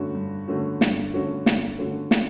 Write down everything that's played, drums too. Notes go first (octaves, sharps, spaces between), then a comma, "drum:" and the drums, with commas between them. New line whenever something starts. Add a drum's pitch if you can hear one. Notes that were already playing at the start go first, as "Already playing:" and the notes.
Already playing: G2 D3 A3 C#4 F#4
G2
D3 A3 C#4 F#4
G2, drum: snare
D3 A3 C#4 F#4
G2, drum: snare
D3 A3 C#4 F#4
drum: snare